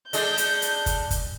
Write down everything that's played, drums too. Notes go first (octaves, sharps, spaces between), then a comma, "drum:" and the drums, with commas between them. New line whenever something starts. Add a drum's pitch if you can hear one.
D3 G#3 D5 G6, drum: hi-hat
drum: hi-hat
drum: hi-hat
drum: kick, hi-hat
drum: kick, hi-hat